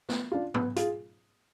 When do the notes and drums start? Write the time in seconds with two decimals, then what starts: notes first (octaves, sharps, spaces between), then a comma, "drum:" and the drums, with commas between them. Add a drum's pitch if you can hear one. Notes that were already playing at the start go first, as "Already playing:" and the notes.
0.09 B3, drum: snare
0.32 D4 F4
0.54 B3, drum: tom G#2
0.76 F4 G#4, drum: hi-hat